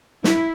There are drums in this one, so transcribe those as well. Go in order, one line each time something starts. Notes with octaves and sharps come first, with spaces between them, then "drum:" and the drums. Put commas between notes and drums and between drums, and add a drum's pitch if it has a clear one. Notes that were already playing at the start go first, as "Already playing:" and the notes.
E4, drum: snare